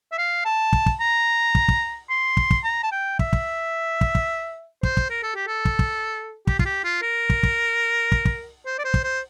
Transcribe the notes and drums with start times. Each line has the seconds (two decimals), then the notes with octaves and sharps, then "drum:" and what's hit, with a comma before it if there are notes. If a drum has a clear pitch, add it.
0.12 E5
0.18 F5
0.45 A5
0.73 drum: kick
0.86 drum: kick
1.01 A#5
1.55 drum: kick
1.68 drum: kick
2.10 C6
2.37 drum: kick
2.51 drum: kick
2.64 A#5
2.83 A5
2.92 G5
3.19 E5, drum: kick
3.33 drum: kick
4.01 drum: kick
4.15 drum: kick
4.83 C5, drum: kick
4.97 drum: kick
5.10 A#4
5.23 A4
5.35 G4
5.47 A4
5.65 drum: kick
5.79 drum: kick
6.47 G4, drum: kick
6.59 F4, drum: kick
6.65 G4
6.84 F4
7.02 A#4
7.30 drum: kick
7.43 drum: kick
8.12 drum: kick
8.25 drum: kick
8.66 C5
8.78 D5
8.85 C5
8.94 drum: kick
9.03 C5